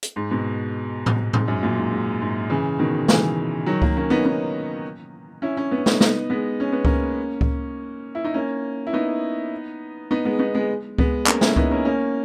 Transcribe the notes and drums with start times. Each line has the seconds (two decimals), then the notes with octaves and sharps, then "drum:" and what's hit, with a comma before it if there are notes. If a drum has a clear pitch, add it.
0.03 drum: hi-hat
0.16 G#2
0.31 G#2 B2
1.06 drum: tom A2
1.33 G#2, drum: tom A2
1.48 F#2
1.62 F#2 A#2
1.77 G#2
1.91 G#2
2.21 G#2
2.50 C#3 E3
2.79 B2 D#3
3.08 C#3 E3, drum: snare
3.66 D#3 F#3
3.82 F#3 A#3, drum: kick C#2
3.97 A#3 C#4
4.10 B3 D#4
4.25 B3 D#4
5.42 C#4 E4
5.57 C#4 E4
5.71 B3
5.78 C#4
5.86 B3 D#4, drum: snare
6.01 B3 D#4, drum: snare
6.30 G#3 B3
6.60 C#4
6.72 B3
6.85 A#3 C#4, drum: kick C#2
7.41 drum: kick C#2
8.15 E4
8.24 D#4
8.34 A#3 C#4
8.87 E4
8.93 B3 D#4
10.11 B3 D#4
10.25 G#3 B3
10.39 B3 D#4
10.54 G#3 B3
10.98 G#3 B3, drum: kick C#2
11.27 A#3 C#4, drum: clap
11.41 C#4 E4, drum: snare
11.56 B3 D#4, drum: kick C#2
11.71 A#3 C#4
11.85 A#3 C#4